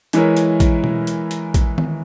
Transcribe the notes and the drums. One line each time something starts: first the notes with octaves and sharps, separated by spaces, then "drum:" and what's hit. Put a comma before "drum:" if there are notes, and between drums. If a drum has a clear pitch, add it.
E3 G#3 E4 A#4 C#5, drum: hi-hat
drum: hi-hat
drum: kick, hi-hat
drum: tom B2
drum: hi-hat
drum: hi-hat
drum: kick, hi-hat
drum: tom D#3